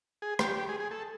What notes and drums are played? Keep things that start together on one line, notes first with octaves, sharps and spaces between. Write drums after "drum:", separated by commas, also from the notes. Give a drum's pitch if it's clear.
G#4
G4, drum: rim click
G4
G#4
G#4
A4